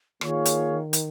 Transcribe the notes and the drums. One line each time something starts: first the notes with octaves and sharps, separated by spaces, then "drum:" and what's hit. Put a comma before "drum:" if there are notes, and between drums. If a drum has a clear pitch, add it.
D#3 A#3 F4 G#4 C#5 F5, drum: rim click
drum: hi-hat
drum: hi-hat